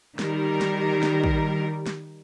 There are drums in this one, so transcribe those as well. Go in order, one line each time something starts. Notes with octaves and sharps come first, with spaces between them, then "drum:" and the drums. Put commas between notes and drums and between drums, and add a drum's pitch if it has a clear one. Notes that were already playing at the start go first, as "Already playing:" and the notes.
D#3 G3 A#4, drum: snare
drum: snare
drum: snare
drum: kick
drum: snare